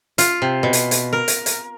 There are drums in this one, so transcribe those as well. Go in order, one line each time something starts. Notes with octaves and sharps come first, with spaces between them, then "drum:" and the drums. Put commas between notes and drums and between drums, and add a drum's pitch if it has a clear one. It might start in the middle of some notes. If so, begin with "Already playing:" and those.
F4, drum: hi-hat
C3
B2
drum: hi-hat
drum: hi-hat
A#4
drum: hi-hat
drum: hi-hat